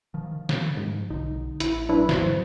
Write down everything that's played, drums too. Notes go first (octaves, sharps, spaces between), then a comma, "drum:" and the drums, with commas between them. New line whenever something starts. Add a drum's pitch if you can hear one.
D#3 F3
drum: snare
G#2
B1 D3 D#4
A1 E4, drum: hi-hat
D#1 G#1 F#3 D4 E4 B4
D#2 G#2 E3 F#3 C5, drum: snare